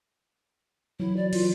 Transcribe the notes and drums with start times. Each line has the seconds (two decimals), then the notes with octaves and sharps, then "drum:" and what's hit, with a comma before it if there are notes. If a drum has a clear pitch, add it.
1.00 E3 F#3 E4
1.16 D5
1.33 E3 F4, drum: cymbal